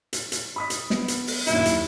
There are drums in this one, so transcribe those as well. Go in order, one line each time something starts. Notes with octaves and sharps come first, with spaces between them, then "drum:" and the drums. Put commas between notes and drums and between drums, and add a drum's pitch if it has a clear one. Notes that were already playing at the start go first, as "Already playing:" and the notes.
drum: hi-hat
drum: hi-hat
B5 D#6 B6
drum: hi-hat
B3, drum: snare
drum: hi-hat
drum: open hi-hat
F#2 A#2 D#3 E4, drum: hi-hat
D#2, drum: hi-hat